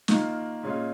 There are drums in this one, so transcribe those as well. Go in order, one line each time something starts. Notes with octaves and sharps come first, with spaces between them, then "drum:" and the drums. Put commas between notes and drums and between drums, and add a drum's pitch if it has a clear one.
D#3 A#3 F4, drum: snare
A#2 G#3 C#4 F4